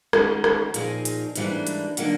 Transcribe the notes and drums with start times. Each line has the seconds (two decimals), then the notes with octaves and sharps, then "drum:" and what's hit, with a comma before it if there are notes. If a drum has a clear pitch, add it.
0.13 D#3 G#3 C#4 F#4, drum: rim click
0.44 drum: rim click
0.74 A#2 F3 A#3 D#4 G#4, drum: hi-hat
1.05 drum: hi-hat
1.36 G#2 E3 G3 A#3 D4, drum: hi-hat
1.67 drum: hi-hat
1.97 D3 F#3 A#3 D#4, drum: hi-hat